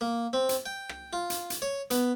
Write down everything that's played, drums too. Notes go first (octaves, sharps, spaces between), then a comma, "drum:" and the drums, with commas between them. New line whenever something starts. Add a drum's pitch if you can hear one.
A#3
C4
drum: hi-hat
G5
drum: rim click
F4
drum: hi-hat
drum: hi-hat
C#5
B3, drum: hi-hat